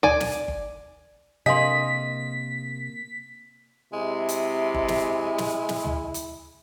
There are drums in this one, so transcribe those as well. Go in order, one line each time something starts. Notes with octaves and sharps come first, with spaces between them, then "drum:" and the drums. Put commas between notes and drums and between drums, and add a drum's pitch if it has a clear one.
D5 G#5, drum: tom
drum: snare
drum: kick G1
C3 A#3 D4 D#5 F5 C6 B6
C3 G#3 E4
drum: hi-hat
drum: kick G1
drum: snare
drum: snare
drum: snare
drum: tom
drum: hi-hat